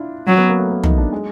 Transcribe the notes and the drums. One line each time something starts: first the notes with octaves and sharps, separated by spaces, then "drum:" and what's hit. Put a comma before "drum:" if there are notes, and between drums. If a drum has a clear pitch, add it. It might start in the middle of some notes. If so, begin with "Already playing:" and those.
Already playing: D4 E4 F4
F#3 C#4
B3
A#3
A3
A#3
D#4, drum: tom
D4
G#3